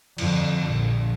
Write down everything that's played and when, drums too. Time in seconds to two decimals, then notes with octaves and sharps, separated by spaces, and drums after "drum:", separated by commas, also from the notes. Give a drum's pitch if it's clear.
0.18 F2 D3, drum: cymbal
0.71 A#1